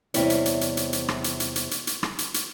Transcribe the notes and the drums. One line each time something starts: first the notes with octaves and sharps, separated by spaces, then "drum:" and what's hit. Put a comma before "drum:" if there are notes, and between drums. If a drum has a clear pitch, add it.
E2 C3 G3 C4 E4 C#5, drum: hi-hat
drum: hi-hat
drum: hi-hat
drum: hi-hat
drum: hi-hat
drum: hi-hat
drum: rim click
drum: hi-hat
drum: hi-hat
drum: hi-hat
drum: hi-hat
drum: hi-hat
drum: rim click
drum: hi-hat
drum: hi-hat